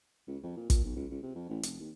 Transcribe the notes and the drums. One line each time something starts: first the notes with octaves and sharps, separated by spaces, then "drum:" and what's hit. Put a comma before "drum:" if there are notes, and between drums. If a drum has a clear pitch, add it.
C#2
F2
A#2
A#2, drum: kick, hi-hat
B1
C#2
C#2
C3
F2
A1
F1, drum: hi-hat
D#2